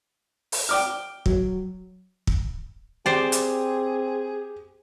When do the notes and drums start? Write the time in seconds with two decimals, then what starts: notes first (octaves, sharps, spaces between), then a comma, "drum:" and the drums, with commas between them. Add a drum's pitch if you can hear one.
0.52 drum: open hi-hat
0.69 G5 D6 F6
1.26 F#3, drum: kick
2.27 drum: kick
3.06 C4 G4 G#4 C5 D5
3.32 drum: hi-hat